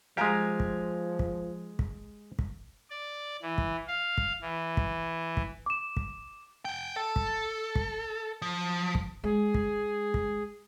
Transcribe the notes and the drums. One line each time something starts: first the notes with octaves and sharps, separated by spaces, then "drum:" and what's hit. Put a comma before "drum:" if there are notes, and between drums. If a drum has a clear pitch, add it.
F3 G#3 G4 F5 G#5 A#5
drum: kick
drum: kick
drum: kick
drum: kick
D5
E3
drum: kick
F5
drum: kick
E3
drum: kick
drum: kick
D6 E7
drum: kick
F#5 G5
A4
drum: kick
drum: kick
F3
drum: kick
G#3 G#4
drum: kick
drum: kick